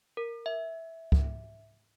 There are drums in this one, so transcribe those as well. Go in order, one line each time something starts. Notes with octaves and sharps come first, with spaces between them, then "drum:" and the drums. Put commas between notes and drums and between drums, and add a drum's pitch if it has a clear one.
A#4
E5
drum: kick C#2